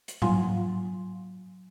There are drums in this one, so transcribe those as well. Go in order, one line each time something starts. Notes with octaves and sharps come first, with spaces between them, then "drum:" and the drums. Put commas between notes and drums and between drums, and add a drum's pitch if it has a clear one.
drum: hi-hat
F#3 F4 F5 G#5 C6, drum: tom G#2